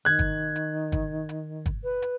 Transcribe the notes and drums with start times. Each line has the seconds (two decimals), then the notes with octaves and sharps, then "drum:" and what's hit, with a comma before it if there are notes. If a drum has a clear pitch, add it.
0.05 D#3 F#6 G#6
0.19 drum: kick, hi-hat
0.56 drum: hi-hat
0.92 drum: kick, hi-hat
1.29 drum: hi-hat
1.66 drum: kick, hi-hat
1.84 B4
2.02 drum: hi-hat